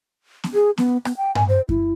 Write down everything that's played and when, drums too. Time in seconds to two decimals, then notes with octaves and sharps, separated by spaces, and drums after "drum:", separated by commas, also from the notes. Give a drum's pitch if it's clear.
0.44 drum: snare B3
0.54 G#4
0.78 B3, drum: snare B3
1.05 B3, drum: rim click
1.17 G5
1.35 G#5, drum: tom G2
1.49 C5
1.69 E4, drum: kick F#2